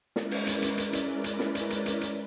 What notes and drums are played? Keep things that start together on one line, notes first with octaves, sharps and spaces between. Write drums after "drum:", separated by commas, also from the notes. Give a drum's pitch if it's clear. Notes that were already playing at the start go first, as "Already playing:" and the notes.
G#3 C#4 E4 A#4 B4 D5, drum: snare
drum: open hi-hat
drum: hi-hat
drum: hi-hat
drum: hi-hat
drum: hi-hat
drum: hi-hat
drum: snare
drum: hi-hat
drum: hi-hat
drum: hi-hat
drum: hi-hat